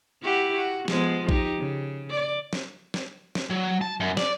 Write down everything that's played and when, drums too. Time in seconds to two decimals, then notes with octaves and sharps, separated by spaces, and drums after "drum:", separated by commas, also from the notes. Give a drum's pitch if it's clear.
0.22 E4 F#4 G4
0.56 F#4
0.88 F3 G#3 B3, drum: snare
1.29 D#4 G4, drum: kick A#1
1.58 C#3
2.10 D5
2.53 drum: snare
2.94 drum: snare
3.35 drum: snare
3.50 F#3
3.81 A5
4.00 F#2
4.17 D5, drum: snare